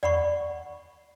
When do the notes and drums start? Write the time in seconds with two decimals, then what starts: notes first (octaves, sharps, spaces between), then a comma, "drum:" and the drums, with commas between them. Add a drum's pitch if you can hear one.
0.03 D5 F#5 B5 C#6, drum: tom E2